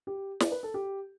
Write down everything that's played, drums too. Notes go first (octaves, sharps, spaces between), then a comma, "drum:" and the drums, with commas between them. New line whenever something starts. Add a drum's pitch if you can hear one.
G4
D5, drum: snare
B4
A4
G4